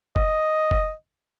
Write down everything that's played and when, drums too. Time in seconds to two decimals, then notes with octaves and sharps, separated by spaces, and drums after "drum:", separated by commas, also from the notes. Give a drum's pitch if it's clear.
0.16 D#5, drum: kick F1
0.71 drum: kick F1